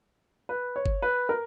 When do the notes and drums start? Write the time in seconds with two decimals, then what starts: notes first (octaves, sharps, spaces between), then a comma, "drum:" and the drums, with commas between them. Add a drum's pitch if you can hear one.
0.49 B4
0.76 C#5
0.86 drum: kick G1
1.02 B4
1.29 A#4